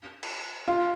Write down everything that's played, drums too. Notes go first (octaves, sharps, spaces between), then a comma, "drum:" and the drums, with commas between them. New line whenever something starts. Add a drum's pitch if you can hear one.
drum: cymbal
F4